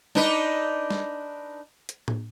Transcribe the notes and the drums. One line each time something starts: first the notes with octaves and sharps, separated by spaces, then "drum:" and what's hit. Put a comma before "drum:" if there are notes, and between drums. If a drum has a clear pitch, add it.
D4 D#4 B4, drum: snare
drum: snare
drum: hi-hat
drum: tom A2